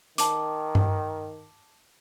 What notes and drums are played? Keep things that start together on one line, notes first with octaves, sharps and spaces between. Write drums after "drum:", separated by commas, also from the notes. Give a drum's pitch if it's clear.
D#3 A5 D6, drum: hi-hat
drum: tom G2